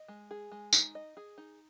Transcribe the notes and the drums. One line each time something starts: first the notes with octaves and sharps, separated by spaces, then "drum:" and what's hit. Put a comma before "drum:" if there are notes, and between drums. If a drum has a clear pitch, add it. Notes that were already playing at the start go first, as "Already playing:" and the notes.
Already playing: D#5
G#3
G#4
G#3
D#4, drum: tambourine
D#5
G#4
D#4